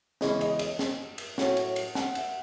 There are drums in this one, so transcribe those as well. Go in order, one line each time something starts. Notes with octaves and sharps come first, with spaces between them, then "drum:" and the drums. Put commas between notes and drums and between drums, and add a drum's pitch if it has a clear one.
E2 C#3 G#3 C#4 E4 D#5, drum: snare
D#5, drum: cymbal
D#5, drum: cymbal
drum: snare
drum: cymbal
A2 F#3 C#4, drum: snare
drum: cymbal
drum: cymbal
F#5, drum: snare
E5, drum: cymbal